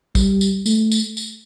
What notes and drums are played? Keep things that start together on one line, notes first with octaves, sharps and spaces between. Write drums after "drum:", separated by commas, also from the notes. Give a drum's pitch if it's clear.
G3, drum: kick, tambourine
drum: tambourine
A3, drum: tambourine
drum: tambourine
drum: tambourine